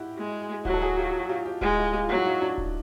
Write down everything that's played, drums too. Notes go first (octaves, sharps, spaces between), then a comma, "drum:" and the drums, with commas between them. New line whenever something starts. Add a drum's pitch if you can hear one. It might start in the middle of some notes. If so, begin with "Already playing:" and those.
Already playing: E4 F#4 G4
G#3
F#3 E4 F#4, drum: kick D1
A4
F#4 G#4
F4 G4
F#4
F4 G4
F4 G4
G#3 E4 F#4, drum: kick D1
F4 G4
F4 G4
F4
F#3 E4 F#4
D#4 F4
D4
drum: kick D1